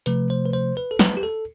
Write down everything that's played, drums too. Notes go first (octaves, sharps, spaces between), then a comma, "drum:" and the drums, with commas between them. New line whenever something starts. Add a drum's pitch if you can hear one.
C3 F3 A3 B4, drum: hi-hat
C5
B4
C5
B4
A4
B4, drum: snare
G4
A4